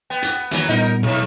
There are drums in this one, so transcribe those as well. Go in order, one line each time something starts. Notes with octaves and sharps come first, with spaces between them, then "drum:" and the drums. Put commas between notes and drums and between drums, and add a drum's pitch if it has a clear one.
B3 G5
drum: hi-hat
D#3 E3 F#3 A#3, drum: hi-hat
A#2 G3 B3 D#4 A#4
B1 G#2